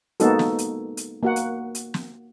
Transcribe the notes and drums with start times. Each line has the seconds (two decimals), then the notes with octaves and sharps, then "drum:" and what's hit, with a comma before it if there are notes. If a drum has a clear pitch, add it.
0.20 G#3 A#3 B3 D#4 F#4 A4, drum: hi-hat
0.39 drum: snare
0.59 drum: hi-hat
0.97 drum: hi-hat
1.23 A#3 F#4 F#5
1.36 drum: hi-hat
1.75 drum: hi-hat
1.94 drum: snare